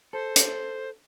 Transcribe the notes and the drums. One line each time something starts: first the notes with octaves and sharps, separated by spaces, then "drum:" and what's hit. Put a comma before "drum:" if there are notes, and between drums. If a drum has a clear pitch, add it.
A4 C5
drum: hi-hat